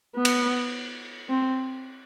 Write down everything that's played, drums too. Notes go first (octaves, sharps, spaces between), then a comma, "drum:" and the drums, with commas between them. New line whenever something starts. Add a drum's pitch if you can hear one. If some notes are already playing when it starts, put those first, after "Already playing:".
B3
drum: cymbal
C4